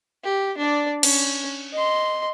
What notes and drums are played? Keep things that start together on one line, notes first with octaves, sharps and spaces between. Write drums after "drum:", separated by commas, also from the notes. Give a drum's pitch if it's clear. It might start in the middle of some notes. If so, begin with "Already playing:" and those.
G4
D4 D5
C#4, drum: cymbal
D#5 C6